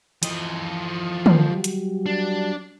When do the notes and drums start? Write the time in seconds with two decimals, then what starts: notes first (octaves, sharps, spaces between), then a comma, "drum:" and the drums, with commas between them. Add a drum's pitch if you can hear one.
0.23 E3 F3 D#5, drum: hi-hat
1.26 drum: tom
1.51 F#3 G3
1.64 drum: hi-hat
2.06 D4